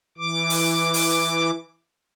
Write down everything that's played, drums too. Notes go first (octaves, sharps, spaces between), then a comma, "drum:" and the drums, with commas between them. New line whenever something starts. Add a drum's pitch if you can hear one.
E3 D6
drum: open hi-hat
drum: open hi-hat